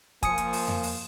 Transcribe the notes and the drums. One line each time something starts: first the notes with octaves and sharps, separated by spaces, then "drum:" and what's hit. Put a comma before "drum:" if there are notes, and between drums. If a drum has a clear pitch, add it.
F3 A#3 G#5 D#6 C#7, drum: kick, hi-hat
drum: hi-hat
drum: open hi-hat
drum: tom F2
drum: open hi-hat